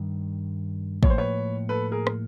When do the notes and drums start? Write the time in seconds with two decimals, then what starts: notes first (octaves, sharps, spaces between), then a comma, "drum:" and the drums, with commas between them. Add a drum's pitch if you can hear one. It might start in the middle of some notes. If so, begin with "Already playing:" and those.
Already playing: G2 D#3 G3
1.03 A2 F3 A#3 C#5, drum: kick
1.10 C5
1.18 B4 C#5
1.69 A4 B4
1.92 G#4 A#4
2.07 drum: rim click